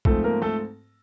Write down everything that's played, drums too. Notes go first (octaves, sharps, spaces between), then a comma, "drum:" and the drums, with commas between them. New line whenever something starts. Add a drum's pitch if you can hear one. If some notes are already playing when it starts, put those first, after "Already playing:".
G#2 F3 A3 C4 A4, drum: kick
A#3 A#4
A3 A4